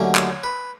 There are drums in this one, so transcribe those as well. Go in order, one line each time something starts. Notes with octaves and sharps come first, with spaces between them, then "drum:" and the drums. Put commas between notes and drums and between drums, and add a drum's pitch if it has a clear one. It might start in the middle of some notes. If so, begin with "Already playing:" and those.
Already playing: D#2 D3 F#3 A3 C#4
C#5, drum: clap
B4